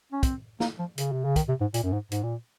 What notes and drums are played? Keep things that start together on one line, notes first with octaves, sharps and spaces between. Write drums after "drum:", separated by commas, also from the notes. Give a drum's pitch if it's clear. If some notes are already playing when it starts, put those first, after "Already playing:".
C#4
C4, drum: kick, hi-hat
A#3, drum: snare
F3
C#3, drum: hi-hat
C3
C#3
D#3, drum: kick, hi-hat
C3
G#2
A#2, drum: hi-hat
F#2
G#2
G#2, drum: hi-hat
A#2